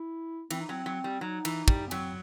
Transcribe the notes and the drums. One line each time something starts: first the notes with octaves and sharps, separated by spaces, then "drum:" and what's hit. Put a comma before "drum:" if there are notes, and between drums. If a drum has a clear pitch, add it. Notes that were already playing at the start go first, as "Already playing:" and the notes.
Already playing: E4
E3 C4, drum: cymbal
D#4
F#3 C4
F#3
G3
F#3 D#4
E3, drum: cymbal
G3, drum: kick
B3
F#3 C4, drum: cymbal